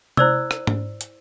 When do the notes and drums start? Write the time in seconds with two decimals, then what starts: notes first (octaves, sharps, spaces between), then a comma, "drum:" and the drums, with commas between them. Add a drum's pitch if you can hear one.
0.17 E4 C5 D5 E6, drum: tom C3
0.51 drum: rim click
0.67 drum: tom G#2
1.01 drum: hi-hat